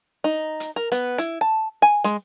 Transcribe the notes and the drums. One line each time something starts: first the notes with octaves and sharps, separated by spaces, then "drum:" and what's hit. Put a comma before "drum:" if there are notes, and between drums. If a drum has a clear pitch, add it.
D#4
drum: hi-hat
A#4
B3, drum: hi-hat
E4, drum: hi-hat
A5
G#5
G#3, drum: hi-hat